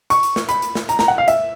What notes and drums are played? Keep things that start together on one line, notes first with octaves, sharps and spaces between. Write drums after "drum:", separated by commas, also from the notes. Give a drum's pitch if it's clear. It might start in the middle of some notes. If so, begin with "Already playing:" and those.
C#6, drum: hi-hat
drum: hi-hat
drum: snare
B5, drum: hi-hat
drum: hi-hat
drum: snare
A#5, drum: hi-hat
A#5, drum: snare
F#5
F5
E5, drum: hi-hat